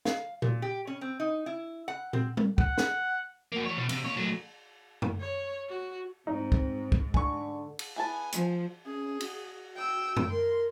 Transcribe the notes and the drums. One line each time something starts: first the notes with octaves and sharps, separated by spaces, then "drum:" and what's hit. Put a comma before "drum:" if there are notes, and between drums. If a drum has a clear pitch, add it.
F5, drum: snare
A#2, drum: tom A#2
G4
C#4
C4
D#4
E4
F#5
C4, drum: tom A#2
drum: tom G3
F#5, drum: kick
drum: snare
A#3 F#4
E3 C#5
B2
C3, drum: cymbal
D#2 C#5
F#3 A3
drum: tom F#2
C#5
F#4
G#2 C4 D#4
drum: kick
drum: kick
D3 G#5 C#6, drum: kick
drum: cymbal
B3 E4 G#5 A5
F3, drum: hi-hat
C#4 G#4
F#4, drum: cymbal
G5 E6
drum: tom F#2
A#4 C6